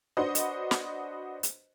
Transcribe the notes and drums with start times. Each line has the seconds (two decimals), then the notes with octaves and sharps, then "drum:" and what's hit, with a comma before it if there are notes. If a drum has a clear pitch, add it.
0.17 D4 F#4 B4 C5 D#5
0.35 drum: hi-hat
0.71 drum: snare
1.43 drum: hi-hat